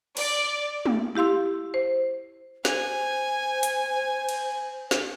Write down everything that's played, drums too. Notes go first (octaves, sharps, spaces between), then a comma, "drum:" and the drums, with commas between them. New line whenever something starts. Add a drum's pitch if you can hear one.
D5, drum: cymbal
drum: tom
E4 G4 F5 C6 E6
C5
C5 G#5, drum: snare
drum: hi-hat
drum: cymbal
drum: snare